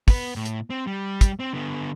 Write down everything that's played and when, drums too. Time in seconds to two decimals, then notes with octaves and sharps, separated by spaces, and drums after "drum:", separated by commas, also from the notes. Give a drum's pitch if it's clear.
0.08 B3 B4, drum: kick, open hi-hat
0.36 A2
0.46 drum: hi-hat
0.70 C4
0.87 G3
1.21 drum: kick, hi-hat
1.40 C4
1.54 D3 B3